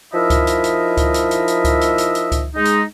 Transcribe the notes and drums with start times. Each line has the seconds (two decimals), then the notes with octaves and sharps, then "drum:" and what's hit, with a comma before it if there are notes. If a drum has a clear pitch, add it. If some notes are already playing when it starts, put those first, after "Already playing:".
0.13 F3 D#4 E4 A#4 D#5 E5
0.30 drum: kick C#2, hi-hat
0.47 drum: hi-hat
0.64 drum: hi-hat
0.97 drum: kick C#2, hi-hat
1.14 drum: hi-hat
1.31 drum: hi-hat
1.48 drum: hi-hat
1.64 drum: kick C#2, hi-hat
1.81 drum: hi-hat
1.98 drum: hi-hat
2.15 drum: hi-hat
2.32 drum: kick C#2, hi-hat
2.55 G#3 D#4
2.65 drum: hi-hat